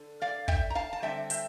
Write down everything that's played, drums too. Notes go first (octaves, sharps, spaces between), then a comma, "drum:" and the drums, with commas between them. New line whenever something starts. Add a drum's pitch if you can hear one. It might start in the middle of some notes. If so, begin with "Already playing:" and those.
Already playing: D3
D5 F5
E5 G5, drum: kick
A#5
F5 A5
A5
D3 G3 C4 E5 G5
E5 G5, drum: hi-hat